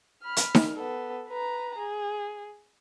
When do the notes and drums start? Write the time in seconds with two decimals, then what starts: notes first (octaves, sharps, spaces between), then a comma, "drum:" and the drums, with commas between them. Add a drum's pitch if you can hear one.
0.23 B5 F6
0.37 drum: hi-hat
0.55 drum: snare D#4
0.75 B3 A4
1.29 B4 A#5
1.78 G#4